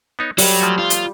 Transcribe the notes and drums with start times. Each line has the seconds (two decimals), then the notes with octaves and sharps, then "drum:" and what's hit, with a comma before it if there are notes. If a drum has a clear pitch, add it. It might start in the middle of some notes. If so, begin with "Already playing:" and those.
0.19 B3 D#4 C#5
0.38 F#3 G3 F#5, drum: open hi-hat
0.60 F3 A3 C#5
0.79 F4
0.90 drum: hi-hat